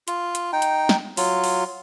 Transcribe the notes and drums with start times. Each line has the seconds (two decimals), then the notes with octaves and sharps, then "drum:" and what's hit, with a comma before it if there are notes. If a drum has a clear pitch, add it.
0.08 F4, drum: hi-hat
0.35 drum: hi-hat
0.53 D#4 G5
0.62 drum: hi-hat
0.89 drum: snare
1.17 F#3 F4, drum: open hi-hat
1.44 drum: open hi-hat